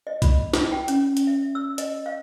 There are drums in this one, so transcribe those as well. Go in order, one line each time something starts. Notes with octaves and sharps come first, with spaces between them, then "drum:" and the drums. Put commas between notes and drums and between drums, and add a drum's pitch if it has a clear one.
D#5
B5, drum: kick, hi-hat
drum: snare
G5
C#4, drum: hi-hat
drum: hi-hat
E5
E6
D#5, drum: hi-hat
F5